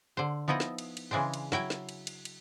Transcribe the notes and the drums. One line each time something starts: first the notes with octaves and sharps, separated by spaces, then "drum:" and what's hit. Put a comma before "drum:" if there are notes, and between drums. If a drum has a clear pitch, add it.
D3 C5
F3 B3 D#4 E4 D#5
drum: snare
drum: cymbal
drum: cymbal
C#3 E3 G#3 D4 C5
drum: cymbal
F#3 E4 G5 G#5, drum: snare
drum: snare
drum: cymbal
drum: cymbal
drum: cymbal